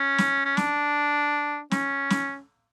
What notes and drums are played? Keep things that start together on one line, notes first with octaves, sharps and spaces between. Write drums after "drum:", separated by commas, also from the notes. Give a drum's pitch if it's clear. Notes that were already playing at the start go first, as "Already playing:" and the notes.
Already playing: C#4
drum: snare
C#4
D4, drum: snare
C#4, drum: snare
drum: snare